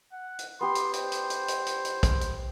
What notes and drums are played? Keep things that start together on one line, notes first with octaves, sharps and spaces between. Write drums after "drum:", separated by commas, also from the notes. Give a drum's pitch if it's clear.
F#5
drum: hi-hat
B3 G4 C6
drum: hi-hat
C5, drum: hi-hat
drum: hi-hat
drum: hi-hat
drum: hi-hat
drum: hi-hat
drum: hi-hat
drum: kick B1, hi-hat
drum: hi-hat